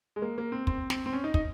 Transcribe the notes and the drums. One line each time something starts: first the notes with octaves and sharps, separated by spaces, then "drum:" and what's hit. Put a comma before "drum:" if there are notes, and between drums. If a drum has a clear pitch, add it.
G#3
A#3
A#3
C4
C4, drum: kick
C4, drum: snare
C4
C#4
D#4
D#4, drum: kick